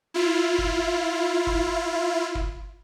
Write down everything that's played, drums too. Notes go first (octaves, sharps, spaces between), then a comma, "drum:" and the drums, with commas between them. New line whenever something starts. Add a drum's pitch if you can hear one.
E4 F4
drum: kick
drum: kick
drum: kick